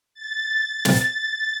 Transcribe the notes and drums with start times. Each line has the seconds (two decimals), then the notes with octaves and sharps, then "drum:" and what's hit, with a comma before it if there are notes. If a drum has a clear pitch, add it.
0.14 A6
0.85 drum: snare